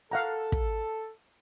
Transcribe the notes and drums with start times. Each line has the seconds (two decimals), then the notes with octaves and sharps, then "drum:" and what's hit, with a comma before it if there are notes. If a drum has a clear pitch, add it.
0.11 A4 F5 F#5 A#5
0.52 drum: kick